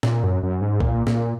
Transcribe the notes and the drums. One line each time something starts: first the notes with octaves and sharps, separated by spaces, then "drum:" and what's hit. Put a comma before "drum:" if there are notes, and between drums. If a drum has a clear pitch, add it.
A#2, drum: snare
F#2
F#2
G#2
A#2, drum: kick
A#2, drum: snare